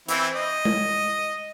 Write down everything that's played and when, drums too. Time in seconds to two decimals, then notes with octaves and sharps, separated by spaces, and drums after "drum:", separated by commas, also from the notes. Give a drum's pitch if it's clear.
0.09 E3 C4 E4, drum: hi-hat
0.35 D#5
0.65 drum: tom G#3